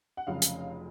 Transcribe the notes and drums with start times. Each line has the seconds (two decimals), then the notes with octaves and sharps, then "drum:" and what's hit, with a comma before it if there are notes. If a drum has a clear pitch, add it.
0.17 F#5
0.27 F1 F2 C#3 F#3 F5
0.42 drum: hi-hat